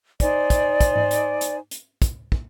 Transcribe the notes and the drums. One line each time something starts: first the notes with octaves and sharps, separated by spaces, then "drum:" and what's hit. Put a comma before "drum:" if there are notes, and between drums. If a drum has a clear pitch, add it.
D#4 C5 D5 G#5, drum: kick, hi-hat
drum: kick, hi-hat
drum: kick, hi-hat
drum: tom G#2
drum: hi-hat
drum: hi-hat
drum: hi-hat
drum: kick, hi-hat
drum: kick